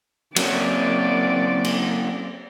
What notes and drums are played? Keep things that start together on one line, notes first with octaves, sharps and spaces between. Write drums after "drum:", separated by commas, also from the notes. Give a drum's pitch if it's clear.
F#3 A#3 C4 C#4 D5, drum: cymbal
drum: cymbal